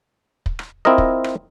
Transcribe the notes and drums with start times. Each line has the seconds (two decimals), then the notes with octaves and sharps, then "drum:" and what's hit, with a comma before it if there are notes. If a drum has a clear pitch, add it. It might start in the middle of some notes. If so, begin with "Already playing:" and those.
0.46 drum: kick
0.59 drum: rim click
0.85 C4 E4 F4 A#4 D#5
0.98 drum: kick
1.24 drum: rim click